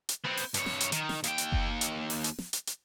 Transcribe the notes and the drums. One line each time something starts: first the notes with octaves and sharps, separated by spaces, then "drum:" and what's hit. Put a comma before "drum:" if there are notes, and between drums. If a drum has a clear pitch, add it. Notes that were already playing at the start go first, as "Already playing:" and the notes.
drum: hi-hat
B3 C4
drum: open hi-hat
G2 C#5, drum: hi-hat
drum: snare
drum: hi-hat
D#3, drum: hi-hat
drum: snare
D#2 G5, drum: hi-hat
drum: hi-hat
drum: kick F#1
drum: hi-hat
drum: open hi-hat
drum: hi-hat
drum: snare
drum: hi-hat
drum: hi-hat